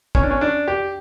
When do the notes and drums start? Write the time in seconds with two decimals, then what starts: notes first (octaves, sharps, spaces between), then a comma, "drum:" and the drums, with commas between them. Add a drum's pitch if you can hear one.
0.15 C#4, drum: kick
0.23 D4
0.31 C#4
0.41 D4
0.68 G4